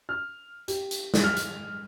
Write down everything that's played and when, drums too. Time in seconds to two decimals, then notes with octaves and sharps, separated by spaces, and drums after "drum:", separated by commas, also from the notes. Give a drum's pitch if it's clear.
0.09 F6
0.68 G4, drum: hi-hat
0.91 drum: hi-hat
1.14 drum: snare
1.24 F6
1.36 drum: hi-hat